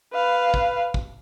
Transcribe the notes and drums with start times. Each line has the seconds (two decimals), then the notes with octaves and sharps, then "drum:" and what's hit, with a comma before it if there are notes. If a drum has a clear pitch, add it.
0.13 B4 F5
0.54 drum: kick
0.94 drum: kick